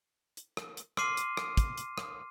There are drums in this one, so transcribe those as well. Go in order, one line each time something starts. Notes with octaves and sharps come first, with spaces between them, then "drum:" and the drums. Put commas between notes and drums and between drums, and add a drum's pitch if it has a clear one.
drum: hi-hat
drum: rim click
drum: hi-hat
C6 D6 F6 C7 D#7, drum: rim click
drum: hi-hat
drum: rim click
drum: kick, hi-hat
drum: hi-hat
drum: rim click